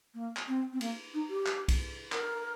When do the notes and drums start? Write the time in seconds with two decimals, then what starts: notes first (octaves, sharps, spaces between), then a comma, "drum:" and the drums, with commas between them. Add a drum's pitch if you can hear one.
0.14 A#3
0.37 drum: clap
0.48 C4
0.73 C4
0.81 A#3, drum: cymbal
1.14 D#4
1.30 G4
1.46 drum: clap
1.68 drum: kick B1, cymbal
2.12 A#4, drum: clap